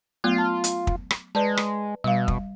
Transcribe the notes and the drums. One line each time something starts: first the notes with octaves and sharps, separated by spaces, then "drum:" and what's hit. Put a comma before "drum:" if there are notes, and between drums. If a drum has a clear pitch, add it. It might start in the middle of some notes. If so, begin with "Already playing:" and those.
F#3 A3 B3 F4
A5
drum: hi-hat
drum: kick
drum: rim click
G#3 B4 D5 A5
drum: rim click
B2 G3 F5
drum: kick